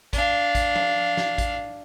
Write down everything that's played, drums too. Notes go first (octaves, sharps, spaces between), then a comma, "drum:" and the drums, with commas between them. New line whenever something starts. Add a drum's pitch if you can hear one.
D4 F5, drum: kick A1, hi-hat
drum: kick A1, hi-hat
drum: tom F3
drum: snare
drum: kick A1, hi-hat